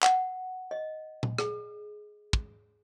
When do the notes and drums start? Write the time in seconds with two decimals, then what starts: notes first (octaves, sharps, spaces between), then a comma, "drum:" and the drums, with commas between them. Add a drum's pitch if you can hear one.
0.03 F#5, drum: clap
0.71 D#5
1.23 drum: tom A#2
1.38 G#4, drum: rim click
2.33 drum: kick